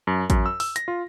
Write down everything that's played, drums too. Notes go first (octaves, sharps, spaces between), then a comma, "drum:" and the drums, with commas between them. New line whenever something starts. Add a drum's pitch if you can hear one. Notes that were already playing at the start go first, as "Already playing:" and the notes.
F#2
F#2, drum: kick A1, hi-hat
E6
E6, drum: open hi-hat
A#6, drum: hi-hat
F4